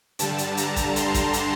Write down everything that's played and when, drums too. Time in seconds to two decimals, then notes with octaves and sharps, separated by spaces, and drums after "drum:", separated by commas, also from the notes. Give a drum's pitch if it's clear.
0.19 G2 D3 G3 A5, drum: hi-hat
0.38 drum: hi-hat
0.57 A#5, drum: hi-hat
0.76 drum: kick, hi-hat
0.96 C6, drum: hi-hat
1.14 drum: kick, hi-hat
1.33 drum: hi-hat